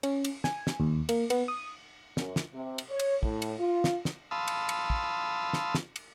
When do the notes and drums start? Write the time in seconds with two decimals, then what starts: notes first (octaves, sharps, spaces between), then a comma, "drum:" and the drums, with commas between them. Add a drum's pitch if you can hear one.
0.03 C#4, drum: cymbal
0.24 drum: cymbal
0.44 G#5, drum: snare
0.67 drum: snare
0.80 D#2
1.09 A#3, drum: cymbal
1.30 B3, drum: cymbal
1.48 D#6
2.17 F#2, drum: snare
2.36 drum: snare
2.53 C3
2.78 drum: cymbal
2.90 C#5
3.00 drum: cymbal
3.23 A2, drum: kick
3.42 drum: cymbal
3.60 F4
3.84 drum: snare
4.05 drum: snare
4.31 F5 A5 B5 C6 D#6 E6
4.48 drum: cymbal
4.69 drum: cymbal
4.90 drum: kick
5.53 drum: snare
5.75 drum: snare
5.96 drum: cymbal